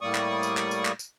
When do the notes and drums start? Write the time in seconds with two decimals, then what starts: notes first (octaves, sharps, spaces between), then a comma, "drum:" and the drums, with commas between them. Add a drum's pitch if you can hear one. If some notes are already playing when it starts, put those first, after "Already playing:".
0.01 A2 G3 A#3 D5 C#6 D#6
0.15 drum: clap
0.43 drum: tambourine
0.57 drum: clap
0.71 drum: tambourine
0.85 drum: clap
0.99 drum: tambourine